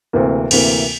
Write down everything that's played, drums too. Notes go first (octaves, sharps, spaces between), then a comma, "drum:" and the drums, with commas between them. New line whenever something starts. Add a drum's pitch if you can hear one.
D2 C3 E3 A#3
D2 C3 E3 A#3, drum: cymbal